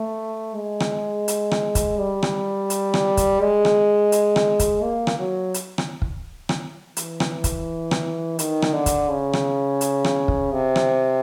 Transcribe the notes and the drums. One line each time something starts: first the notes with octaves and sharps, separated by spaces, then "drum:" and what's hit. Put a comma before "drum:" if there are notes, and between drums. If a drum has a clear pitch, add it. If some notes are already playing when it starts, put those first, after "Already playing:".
Already playing: A3
G#3
drum: rim click
drum: hi-hat
drum: rim click
drum: kick, hi-hat
G3
drum: rim click
drum: hi-hat
drum: rim click
drum: kick, hi-hat
G#3
drum: rim click
drum: hi-hat
drum: rim click
drum: kick, hi-hat
A#3
drum: rim click
F#3
drum: hi-hat
drum: rim click
drum: kick
drum: rim click
E3, drum: hi-hat
drum: rim click
drum: kick, hi-hat
drum: rim click
D#3, drum: hi-hat
drum: rim click
D3
drum: kick, hi-hat
C#3
drum: rim click
drum: hi-hat
drum: rim click
drum: kick
C3
drum: rim click